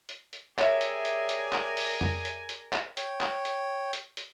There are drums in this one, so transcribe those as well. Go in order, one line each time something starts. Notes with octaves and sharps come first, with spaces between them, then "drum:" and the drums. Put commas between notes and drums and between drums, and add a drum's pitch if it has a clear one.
drum: hi-hat
drum: hi-hat
G4 G#4 A#4 C#5 D5 E5 G#5, drum: clap
drum: hi-hat
drum: hi-hat
drum: hi-hat
drum: clap
drum: open hi-hat
drum: tom F2
drum: hi-hat
drum: hi-hat
drum: clap
C#5 G5, drum: hi-hat
drum: clap
drum: hi-hat
drum: hi-hat
drum: hi-hat